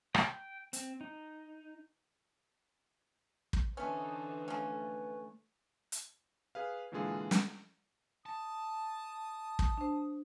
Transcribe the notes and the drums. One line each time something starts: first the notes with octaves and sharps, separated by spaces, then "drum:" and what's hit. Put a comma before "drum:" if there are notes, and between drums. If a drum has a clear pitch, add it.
G5, drum: rim click
C4, drum: hi-hat
D#4
drum: kick
D3 E3 A3 C#4 D#4 A4 B4 C5
F3 A3 C#4
drum: hi-hat
G#4 B4 F5
A#2 D3 E3 G#3 F4 G#4
drum: snare
A5 D#6
drum: kick
D4 C5